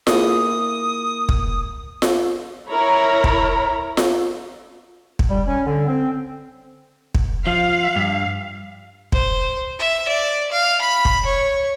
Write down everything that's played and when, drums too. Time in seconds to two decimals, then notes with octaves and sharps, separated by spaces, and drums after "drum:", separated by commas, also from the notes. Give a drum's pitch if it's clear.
0.07 A#3 E4 G#4 D#6, drum: snare F4
1.29 drum: kick
2.02 drum: snare F4
2.69 E4 A#4 C#5 A#5 B5
3.24 drum: kick
3.97 drum: snare F4
5.19 drum: kick
5.29 G3
5.47 C#4
5.67 D3
5.87 C4
7.15 drum: kick
7.47 F3 F5
7.96 G2
9.12 C5, drum: kick
9.79 E5
10.08 D5
10.52 F5
10.81 B5
11.05 drum: kick
11.25 C#5